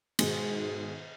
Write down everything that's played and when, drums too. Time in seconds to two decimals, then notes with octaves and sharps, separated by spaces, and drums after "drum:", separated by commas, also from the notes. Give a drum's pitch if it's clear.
0.19 G#2 B2 D#3 G#3, drum: cymbal